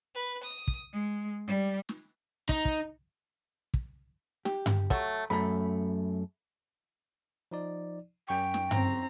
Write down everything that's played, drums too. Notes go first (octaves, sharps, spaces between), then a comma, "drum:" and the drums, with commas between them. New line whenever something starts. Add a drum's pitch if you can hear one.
B4
D#6
drum: kick
G#3
G3
drum: snare
D#4, drum: kick
drum: kick
drum: kick
G4, drum: snare
drum: tom G2
F#3 A3, drum: kick
F#2 A3 A#5 B5
F3 D#4 D5
F#2 G5 C#6
drum: snare
C4 A#5, drum: tom G2